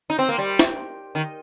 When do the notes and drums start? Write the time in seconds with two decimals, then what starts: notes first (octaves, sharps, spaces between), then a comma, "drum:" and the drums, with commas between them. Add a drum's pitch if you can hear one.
0.10 D#4
0.19 C4
0.29 A#3
0.38 G3
0.59 drum: snare
1.15 D#3